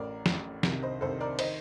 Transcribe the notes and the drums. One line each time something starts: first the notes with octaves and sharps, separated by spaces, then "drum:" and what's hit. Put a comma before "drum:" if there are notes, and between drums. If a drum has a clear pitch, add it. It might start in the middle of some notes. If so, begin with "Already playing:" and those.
Already playing: A1 A2 A#4 D5
A2, drum: snare
A1
C2 C3 D#3, drum: snare
C5 D#5
C2 C3 D#3 A4 C5
A#4 D5
D#3 C5 D#5, drum: cymbal